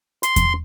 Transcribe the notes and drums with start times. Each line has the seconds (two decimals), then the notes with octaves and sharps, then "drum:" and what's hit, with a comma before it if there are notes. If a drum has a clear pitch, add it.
0.23 C6, drum: hi-hat
0.36 drum: kick E2, hi-hat